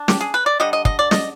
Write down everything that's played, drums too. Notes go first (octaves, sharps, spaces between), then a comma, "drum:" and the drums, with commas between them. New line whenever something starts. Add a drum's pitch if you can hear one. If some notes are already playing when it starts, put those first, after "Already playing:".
Already playing: D4
G4, drum: snare
G#4
B4
D5
D3 G3 D4 D#5
D#5
D#5, drum: kick
D5
D#5, drum: snare